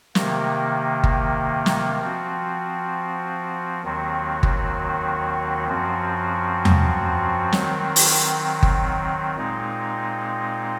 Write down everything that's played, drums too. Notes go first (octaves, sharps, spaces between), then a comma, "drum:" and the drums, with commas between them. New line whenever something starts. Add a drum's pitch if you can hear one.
C3 D#3 A#3, drum: snare
drum: kick G1
drum: snare
F3 C4 F#4
D#2 D#3 F#3 C4 F#4
drum: kick G1
F#2 F3 C4 F#4
drum: tom E2
D#3 F#3 C4, drum: snare
drum: open hi-hat
drum: kick G1
A#2 G#3 C4 D#4